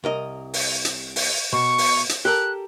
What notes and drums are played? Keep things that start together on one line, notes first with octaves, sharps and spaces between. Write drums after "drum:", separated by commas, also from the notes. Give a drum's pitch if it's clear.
C2 A#4 D#5
drum: open hi-hat
drum: hi-hat
drum: open hi-hat
B2 C#6
drum: open hi-hat
drum: hi-hat
G4 A4 A#4 F#6